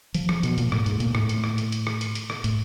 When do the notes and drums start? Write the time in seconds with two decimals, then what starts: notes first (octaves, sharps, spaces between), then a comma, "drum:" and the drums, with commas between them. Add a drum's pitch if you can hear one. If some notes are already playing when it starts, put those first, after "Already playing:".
0.14 F3, drum: hi-hat
0.29 F3, drum: rim click
0.43 B2, drum: hi-hat
0.58 A#2, drum: hi-hat
0.72 A2, drum: rim click
0.86 G#2, drum: hi-hat
1.00 A#2, drum: hi-hat
1.15 A2, drum: rim click
1.29 drum: hi-hat
1.44 drum: rim click
1.58 drum: hi-hat
1.72 drum: hi-hat
1.87 drum: rim click
2.01 drum: hi-hat
2.15 drum: hi-hat
2.30 drum: rim click
2.44 A2, drum: hi-hat